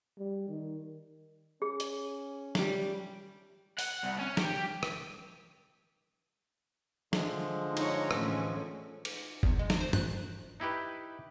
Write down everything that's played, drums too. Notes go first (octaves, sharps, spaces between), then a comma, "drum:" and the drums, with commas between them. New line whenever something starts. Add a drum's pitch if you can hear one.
G3
D#3
C#4 G#4
drum: hi-hat
G3 D6, drum: snare
F#5, drum: open hi-hat
C2
C#4
G4, drum: snare
drum: rim click
D3 F3 G#3, drum: snare
D#4 C#5, drum: cymbal
A2 E3 C#4, drum: rim click
drum: cymbal
E2, drum: kick F#1
G#3
drum: snare
C5
F#6, drum: tom
D#4 E4 G4 B4